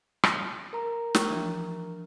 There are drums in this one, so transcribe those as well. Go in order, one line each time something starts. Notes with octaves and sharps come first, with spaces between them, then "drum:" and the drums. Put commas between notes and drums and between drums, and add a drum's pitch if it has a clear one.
drum: rim click
A#4 A#5
G5 C#6 F6, drum: snare
E3 F3 D4